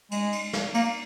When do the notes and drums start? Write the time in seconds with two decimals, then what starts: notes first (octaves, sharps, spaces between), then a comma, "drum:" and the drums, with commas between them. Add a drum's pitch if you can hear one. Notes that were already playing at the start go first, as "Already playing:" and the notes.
0.11 G#3, drum: cymbal
0.32 drum: cymbal
0.53 drum: snare
0.74 A#3, drum: cymbal